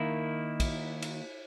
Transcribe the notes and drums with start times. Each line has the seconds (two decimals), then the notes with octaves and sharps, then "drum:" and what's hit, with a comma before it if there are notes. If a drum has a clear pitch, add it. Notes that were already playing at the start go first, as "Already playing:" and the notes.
Already playing: D#3 A#3 E4
0.60 drum: kick, cymbal
1.02 drum: cymbal